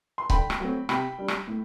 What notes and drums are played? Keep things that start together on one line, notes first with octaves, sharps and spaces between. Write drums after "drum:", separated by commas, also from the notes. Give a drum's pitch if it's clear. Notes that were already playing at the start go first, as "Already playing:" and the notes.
C6
D3 G5 B5, drum: kick C#1
drum: rim click
F#3 A3 C4
C3 G5 B5, drum: rim click
G3 D4
drum: rim click
A2